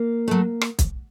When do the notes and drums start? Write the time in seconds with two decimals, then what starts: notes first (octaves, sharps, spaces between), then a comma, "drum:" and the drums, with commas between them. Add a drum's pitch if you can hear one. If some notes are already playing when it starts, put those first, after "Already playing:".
Already playing: A#3
0.28 F#3 A3
0.61 drum: rim click
0.79 drum: kick B1, hi-hat